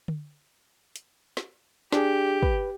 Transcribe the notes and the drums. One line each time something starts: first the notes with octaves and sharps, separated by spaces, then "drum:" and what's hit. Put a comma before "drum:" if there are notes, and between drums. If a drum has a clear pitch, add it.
drum: tom D3
drum: hi-hat
drum: snare
D4 G4 G#4, drum: snare
B4, drum: kick